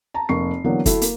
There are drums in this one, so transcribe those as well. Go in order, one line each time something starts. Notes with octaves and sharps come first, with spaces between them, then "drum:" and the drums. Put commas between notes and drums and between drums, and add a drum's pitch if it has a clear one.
A5 A#5
F1 A#3 C#6 C7
D3 E3 F#3 A#3 B3
A3 E4 F#4 A4, drum: kick, hi-hat
A#3, drum: hi-hat